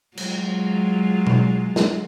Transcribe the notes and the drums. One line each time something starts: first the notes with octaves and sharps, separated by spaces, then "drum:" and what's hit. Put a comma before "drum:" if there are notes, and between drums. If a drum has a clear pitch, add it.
F#3 G#3 F4, drum: cymbal
drum: tom B2
drum: snare